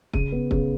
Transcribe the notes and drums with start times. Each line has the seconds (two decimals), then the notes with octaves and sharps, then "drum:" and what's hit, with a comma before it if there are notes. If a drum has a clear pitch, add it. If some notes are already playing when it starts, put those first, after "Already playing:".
0.13 C#3 D#7, drum: kick
0.32 B3
0.51 C#3, drum: kick